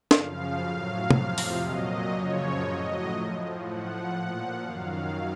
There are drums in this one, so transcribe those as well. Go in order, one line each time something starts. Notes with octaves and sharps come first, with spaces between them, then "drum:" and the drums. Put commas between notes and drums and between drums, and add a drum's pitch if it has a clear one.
F#2 C#3 F3 F5, drum: snare
A2 F#3 F5
F2 C3 F3, drum: tom
drum: open hi-hat
A#2 F#3 D#5
F#2 C#3 F3 C#5
A2 F#3 D#5
A2 F3
A2 F3 F#5
A#2 F3
F#2 D#3 F#3 F5